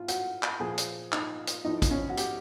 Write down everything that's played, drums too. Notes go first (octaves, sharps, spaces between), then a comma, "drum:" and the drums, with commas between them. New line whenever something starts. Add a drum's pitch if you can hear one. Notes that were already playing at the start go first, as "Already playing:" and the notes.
Already playing: A2 F4
F#4, drum: hi-hat
drum: clap
A#2 F3 G#4
drum: hi-hat
D#4, drum: clap
drum: hi-hat
A2 F3 D#4
drum: kick, hi-hat
C#4
F#4
G4, drum: hi-hat